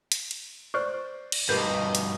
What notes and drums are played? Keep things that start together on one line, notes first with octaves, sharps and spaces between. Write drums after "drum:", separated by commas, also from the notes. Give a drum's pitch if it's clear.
drum: hi-hat
drum: cymbal
C5 D5 C#6 F6 F#6
drum: cymbal
G2 B2 G3 D#4 G4 A#4 B4 G6
drum: hi-hat